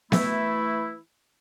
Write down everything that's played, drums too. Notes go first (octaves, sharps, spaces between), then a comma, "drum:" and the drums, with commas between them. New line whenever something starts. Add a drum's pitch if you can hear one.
E3 A3 E4, drum: snare B3